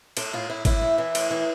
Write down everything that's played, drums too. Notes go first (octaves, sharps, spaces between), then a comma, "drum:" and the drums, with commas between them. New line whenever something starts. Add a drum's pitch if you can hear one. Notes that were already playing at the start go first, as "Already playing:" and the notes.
A2 A4, drum: cymbal
A2 F4
A2 E4
A2 E4, drum: kick G#1, cymbal
E3
E3
A2, drum: cymbal
E3